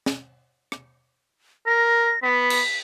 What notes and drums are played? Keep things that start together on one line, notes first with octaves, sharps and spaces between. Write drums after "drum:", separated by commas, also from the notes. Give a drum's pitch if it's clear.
drum: snare
drum: rim click
A#4 A#6
B3 B6
drum: cymbal